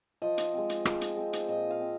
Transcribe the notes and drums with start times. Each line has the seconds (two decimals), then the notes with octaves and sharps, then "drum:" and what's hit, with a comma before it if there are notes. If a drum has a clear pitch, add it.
0.22 F3 D#5
0.38 drum: hi-hat
0.54 G#3 C4
0.69 drum: hi-hat
0.85 F3, drum: rim click
1.01 drum: hi-hat
1.17 G#3 C4
1.33 drum: hi-hat
1.49 A#2 D#5
1.70 F5
1.80 C4